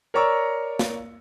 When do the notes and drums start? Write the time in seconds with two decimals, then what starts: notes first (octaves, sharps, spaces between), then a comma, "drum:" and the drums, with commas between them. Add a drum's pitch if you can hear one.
0.14 A#4 C#5 D5 A#5 C#6 E6
0.79 drum: snare